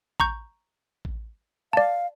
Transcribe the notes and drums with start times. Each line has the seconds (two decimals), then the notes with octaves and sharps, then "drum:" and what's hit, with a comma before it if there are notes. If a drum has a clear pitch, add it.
0.20 A#5 C#6 G6, drum: kick A1
1.05 drum: kick A1
1.73 D5 F5 A5